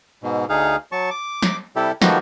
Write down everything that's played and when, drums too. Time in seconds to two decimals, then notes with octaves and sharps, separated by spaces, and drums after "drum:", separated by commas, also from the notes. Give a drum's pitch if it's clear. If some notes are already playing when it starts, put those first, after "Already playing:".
0.23 G#2 B2
0.49 D2 D#4 G#4 F5
0.92 F#3 A5 C#6
1.11 D6
1.42 drum: snare
1.76 C3 G3 E4 G4 A4
2.02 D#3 F3 A3 B3 F#4 G4, drum: snare